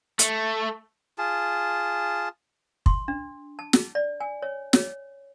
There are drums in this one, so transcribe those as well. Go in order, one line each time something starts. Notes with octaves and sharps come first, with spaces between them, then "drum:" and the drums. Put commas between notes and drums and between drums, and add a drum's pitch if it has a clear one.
A3, drum: hi-hat
F4 G#4 A5
C6, drum: kick
D4
A5
drum: snare
D5
G#5
C#5
C#5, drum: snare